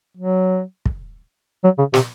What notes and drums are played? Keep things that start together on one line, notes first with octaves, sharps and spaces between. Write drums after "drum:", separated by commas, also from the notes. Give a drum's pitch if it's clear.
F#3
drum: kick
F#3
C#3
C3, drum: snare